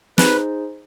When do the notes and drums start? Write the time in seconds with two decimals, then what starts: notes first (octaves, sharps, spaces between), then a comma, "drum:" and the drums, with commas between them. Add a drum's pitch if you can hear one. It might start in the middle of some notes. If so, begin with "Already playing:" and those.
0.18 D#4 G#4 B4 C5, drum: snare